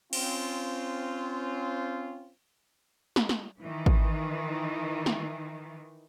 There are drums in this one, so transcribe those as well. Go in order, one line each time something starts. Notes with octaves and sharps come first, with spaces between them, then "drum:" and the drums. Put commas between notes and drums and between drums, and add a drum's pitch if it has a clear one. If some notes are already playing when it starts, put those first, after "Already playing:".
C4 C#4 F4, drum: cymbal
drum: snare
drum: snare
D#3 E3
drum: kick G#1
drum: snare